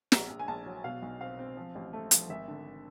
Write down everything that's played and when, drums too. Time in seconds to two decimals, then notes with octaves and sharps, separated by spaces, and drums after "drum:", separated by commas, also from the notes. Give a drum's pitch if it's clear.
0.12 A#1 A#5, drum: snare
0.30 A#1
0.39 G#5
0.48 A#1 A5
0.66 F#3
0.84 B2 F5
1.02 B1
1.20 C4 F5
1.39 C4
1.57 F3
1.75 A1
1.93 A3
2.11 F3, drum: hi-hat
2.29 G#1 E5
2.48 D3